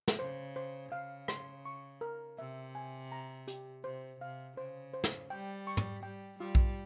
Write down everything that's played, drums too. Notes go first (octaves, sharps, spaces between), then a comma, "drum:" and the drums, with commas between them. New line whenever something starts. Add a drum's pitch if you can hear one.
drum: snare
C#3 C5
C5
C#3 F5
C6, drum: rim click
C#6
A#4
C3 E5
G#5
A#5
G4, drum: hi-hat
C3 C5
C3 F5
C#3 C5
C5
drum: snare
G3 G5
C#6
drum: tom
G3 G5
G3 F4
drum: kick A#1